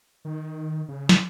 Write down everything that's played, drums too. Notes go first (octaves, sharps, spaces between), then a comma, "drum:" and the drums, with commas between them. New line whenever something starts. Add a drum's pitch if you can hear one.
D#3
C#3
drum: snare